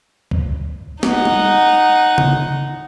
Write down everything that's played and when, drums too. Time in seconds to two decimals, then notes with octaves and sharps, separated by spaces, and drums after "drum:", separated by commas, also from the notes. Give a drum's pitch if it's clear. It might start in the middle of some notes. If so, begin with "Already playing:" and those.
0.31 drum: kick
1.03 D#4 F#5, drum: snare
1.25 drum: tom G3
2.18 drum: tom C#3